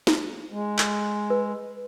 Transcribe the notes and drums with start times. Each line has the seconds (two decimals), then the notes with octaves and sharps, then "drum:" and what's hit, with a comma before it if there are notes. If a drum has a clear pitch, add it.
0.07 drum: snare
0.52 G#3
0.78 drum: clap
1.30 B4